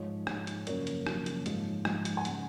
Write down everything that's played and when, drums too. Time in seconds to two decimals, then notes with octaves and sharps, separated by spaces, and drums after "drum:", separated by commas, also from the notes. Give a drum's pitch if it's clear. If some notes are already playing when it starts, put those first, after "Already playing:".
Already playing: G#2 F3 G#3 C#5
0.27 G#2 F3 G#3, drum: rim click
0.47 drum: hi-hat
0.67 F#2 C#3 F3 A#3 C#5, drum: hi-hat
0.87 drum: hi-hat
1.07 F#2 C#3 F3 A#3, drum: rim click
1.26 drum: hi-hat
1.46 G#2 F3 G#3, drum: hi-hat
1.85 G#2 F3 G#3, drum: rim click
2.05 drum: hi-hat
2.17 G#5
2.25 C#3 G#3 F#5, drum: hi-hat